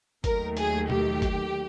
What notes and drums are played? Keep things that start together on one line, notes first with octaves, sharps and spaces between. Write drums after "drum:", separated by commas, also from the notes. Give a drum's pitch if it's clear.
D#2 D#3 F#3 A3 A#4, drum: kick, hi-hat
G#4, drum: hi-hat
G4, drum: tom
drum: kick, hi-hat